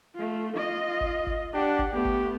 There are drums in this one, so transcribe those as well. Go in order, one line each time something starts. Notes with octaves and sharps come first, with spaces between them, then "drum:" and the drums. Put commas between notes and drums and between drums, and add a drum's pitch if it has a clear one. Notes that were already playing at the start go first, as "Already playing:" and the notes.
A3 F4
F4 D#5
drum: kick F#1
drum: kick F#1
D4 G4 F#5
drum: kick F#1
A3 B3 G4
drum: kick F#1